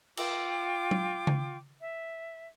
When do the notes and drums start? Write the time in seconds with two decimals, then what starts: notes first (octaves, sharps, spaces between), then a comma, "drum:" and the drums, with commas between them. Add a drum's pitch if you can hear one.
0.17 F4 G5 D6, drum: cymbal
0.91 drum: tom F#3
1.27 drum: tom C#3
1.81 E5